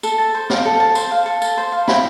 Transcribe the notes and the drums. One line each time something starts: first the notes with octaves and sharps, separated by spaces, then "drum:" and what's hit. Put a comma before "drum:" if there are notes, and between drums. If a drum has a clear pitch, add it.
A4, drum: tambourine
A5
C5
F5, drum: snare
A4
A5
C5, drum: tambourine
F5
A4
A5, drum: tambourine
C5
F5
E4, drum: snare